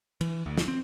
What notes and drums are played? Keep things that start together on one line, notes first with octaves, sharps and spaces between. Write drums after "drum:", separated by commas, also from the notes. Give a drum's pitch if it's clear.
E3, drum: cymbal
D2
drum: snare
C4